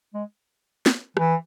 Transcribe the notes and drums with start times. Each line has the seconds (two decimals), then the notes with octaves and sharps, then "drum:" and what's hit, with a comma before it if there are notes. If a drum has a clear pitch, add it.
0.14 G#3
0.86 drum: snare
1.17 E3, drum: rim click